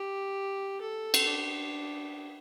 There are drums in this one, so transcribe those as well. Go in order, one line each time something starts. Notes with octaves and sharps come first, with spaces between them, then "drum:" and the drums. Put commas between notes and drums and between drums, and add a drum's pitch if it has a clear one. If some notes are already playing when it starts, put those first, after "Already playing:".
Already playing: G4
A4
drum: cymbal
D4